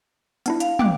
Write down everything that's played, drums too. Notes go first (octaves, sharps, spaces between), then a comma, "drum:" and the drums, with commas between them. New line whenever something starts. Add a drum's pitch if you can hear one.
B3 D4 E4, drum: hi-hat
F5, drum: hi-hat
G5 D6 F#6, drum: tom